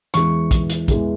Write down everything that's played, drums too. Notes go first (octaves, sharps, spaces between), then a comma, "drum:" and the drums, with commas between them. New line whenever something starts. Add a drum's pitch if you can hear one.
E2 E3 G#3 C#6, drum: hi-hat
drum: kick, hi-hat
drum: hi-hat
E2 E3 G#3, drum: kick, hi-hat